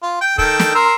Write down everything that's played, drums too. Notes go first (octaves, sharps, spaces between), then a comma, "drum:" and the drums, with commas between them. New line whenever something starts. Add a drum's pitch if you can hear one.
F4
G5
D#3 A4 G5, drum: kick
drum: snare
A#4 C6 E6